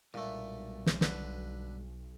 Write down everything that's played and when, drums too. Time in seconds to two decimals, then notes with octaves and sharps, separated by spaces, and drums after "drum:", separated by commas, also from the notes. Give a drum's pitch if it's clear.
0.14 B1 G2 A#2 G#3 A3
0.86 drum: snare
1.01 D3 B4, drum: snare